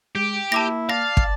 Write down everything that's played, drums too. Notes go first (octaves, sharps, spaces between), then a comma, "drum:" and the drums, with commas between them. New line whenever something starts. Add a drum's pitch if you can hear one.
G#3 G4
A#3 E4 A5 D6 A#6
D5 F5 A5 A#6
drum: kick